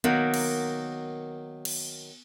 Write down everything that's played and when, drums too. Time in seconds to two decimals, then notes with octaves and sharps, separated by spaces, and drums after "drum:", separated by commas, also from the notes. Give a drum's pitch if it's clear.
0.04 D#3 F#3 A#3 B3, drum: hi-hat
0.34 drum: cymbal
1.65 drum: cymbal